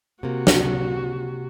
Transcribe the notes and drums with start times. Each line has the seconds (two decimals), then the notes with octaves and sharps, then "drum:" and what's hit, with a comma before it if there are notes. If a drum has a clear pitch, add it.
0.23 C3 A#3 F#4
0.47 drum: snare